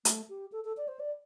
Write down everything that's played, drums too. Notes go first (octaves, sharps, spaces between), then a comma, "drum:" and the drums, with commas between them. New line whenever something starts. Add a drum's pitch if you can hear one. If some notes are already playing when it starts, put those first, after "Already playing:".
A3, drum: hi-hat
G4
A4
A4
D5
C5
D5